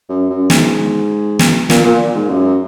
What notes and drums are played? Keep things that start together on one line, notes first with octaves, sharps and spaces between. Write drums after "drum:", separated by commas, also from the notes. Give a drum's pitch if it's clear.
F#2
F#2
G#2, drum: snare
drum: snare
A#2, drum: snare
A#2
G#2
F#2